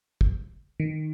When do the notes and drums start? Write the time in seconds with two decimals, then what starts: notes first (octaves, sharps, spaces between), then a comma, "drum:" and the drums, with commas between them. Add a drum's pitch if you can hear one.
0.21 drum: kick
0.80 D#3